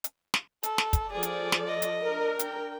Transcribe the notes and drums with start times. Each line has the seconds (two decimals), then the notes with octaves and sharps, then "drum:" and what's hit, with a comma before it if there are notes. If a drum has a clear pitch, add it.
0.04 drum: hi-hat
0.34 drum: snare
0.63 A4, drum: hi-hat
0.78 drum: snare
0.93 drum: kick, hi-hat
1.13 F3 G#4 A4 D5
1.23 drum: hi-hat
1.52 drum: snare
1.67 D#5
1.82 drum: hi-hat
2.04 D4 A#4
2.39 G5, drum: hi-hat